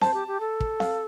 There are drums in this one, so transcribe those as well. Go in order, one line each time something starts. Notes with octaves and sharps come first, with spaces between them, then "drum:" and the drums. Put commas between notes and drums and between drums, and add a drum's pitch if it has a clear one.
C5 A5, drum: snare C4
G4
G4
A4
drum: kick
F5, drum: snare C4